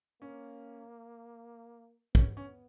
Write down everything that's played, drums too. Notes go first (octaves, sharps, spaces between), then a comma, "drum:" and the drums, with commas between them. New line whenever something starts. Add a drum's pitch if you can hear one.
A#3 C#4
B3 C#4, drum: kick
C#4